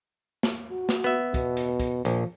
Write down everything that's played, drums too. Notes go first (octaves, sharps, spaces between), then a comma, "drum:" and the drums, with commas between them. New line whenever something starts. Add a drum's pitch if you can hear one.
drum: snare
F#4
drum: snare
B3 E5
B2, drum: kick, hi-hat
drum: hi-hat
drum: kick, hi-hat
A#1 F3, drum: hi-hat